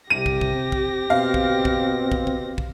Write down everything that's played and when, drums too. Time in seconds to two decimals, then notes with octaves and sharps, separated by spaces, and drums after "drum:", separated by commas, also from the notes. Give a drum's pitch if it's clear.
0.10 C2 C3 G4 A#6 D#7
0.26 drum: kick
0.41 drum: kick
0.55 C4
0.72 drum: kick
1.10 B2 C4 F5
1.34 drum: kick
1.65 drum: kick
2.12 drum: kick
2.27 drum: kick
2.58 drum: kick